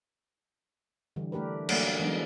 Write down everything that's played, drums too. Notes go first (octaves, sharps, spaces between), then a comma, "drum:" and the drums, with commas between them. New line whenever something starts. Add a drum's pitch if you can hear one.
D3 E3 G3
A3 D4 G4 A#4 B4
F#3 G3 A3 A#3 D5 F#5, drum: cymbal
E3 F#3 G#3 B3 D4 D#4